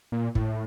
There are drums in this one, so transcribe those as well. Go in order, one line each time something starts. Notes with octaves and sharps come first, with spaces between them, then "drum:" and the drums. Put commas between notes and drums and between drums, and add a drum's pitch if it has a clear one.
A#2
A2, drum: kick